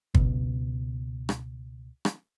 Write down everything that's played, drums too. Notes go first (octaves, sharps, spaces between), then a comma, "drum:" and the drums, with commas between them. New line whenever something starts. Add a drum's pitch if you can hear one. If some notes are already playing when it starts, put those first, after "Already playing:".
C#2 B2, drum: kick
drum: rim click
drum: rim click